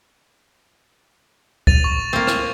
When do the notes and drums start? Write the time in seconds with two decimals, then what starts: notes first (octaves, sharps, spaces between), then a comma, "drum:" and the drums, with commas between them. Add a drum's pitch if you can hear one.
1.67 A6 D#7 F7, drum: kick D2
1.84 C#6
2.13 A#3 C4
2.27 drum: rim click